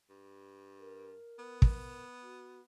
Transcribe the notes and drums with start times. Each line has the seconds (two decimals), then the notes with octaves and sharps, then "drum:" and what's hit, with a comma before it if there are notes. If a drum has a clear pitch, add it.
0.10 G2
0.79 A#4
1.39 B3
1.62 drum: kick
2.22 F#4